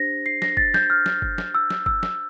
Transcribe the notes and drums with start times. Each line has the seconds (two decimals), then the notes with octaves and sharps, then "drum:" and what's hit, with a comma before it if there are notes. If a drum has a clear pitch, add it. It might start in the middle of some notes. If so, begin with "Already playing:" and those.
Already playing: D4 G4 C5 A#6
0.26 C7
0.42 A#6, drum: snare
0.57 A6, drum: kick F#1
0.74 G6, drum: snare
0.90 F6
1.06 drum: snare
1.22 drum: kick F#1
1.38 drum: snare
1.55 E6
1.70 drum: snare
1.86 E6, drum: kick F#1
2.03 drum: snare